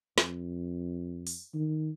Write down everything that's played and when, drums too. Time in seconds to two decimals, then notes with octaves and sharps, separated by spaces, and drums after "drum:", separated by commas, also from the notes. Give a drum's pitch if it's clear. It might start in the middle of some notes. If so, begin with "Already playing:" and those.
0.18 F2, drum: snare
1.27 drum: open hi-hat
1.54 D#3